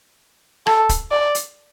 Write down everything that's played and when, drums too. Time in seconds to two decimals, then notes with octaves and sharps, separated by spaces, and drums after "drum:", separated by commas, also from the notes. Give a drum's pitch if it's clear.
0.67 A4, drum: rim click
0.89 drum: kick, hi-hat
1.11 D5
1.35 drum: hi-hat